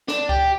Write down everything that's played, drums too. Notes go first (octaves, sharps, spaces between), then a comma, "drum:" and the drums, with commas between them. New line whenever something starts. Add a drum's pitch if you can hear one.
D4, drum: snare
G4, drum: kick C#2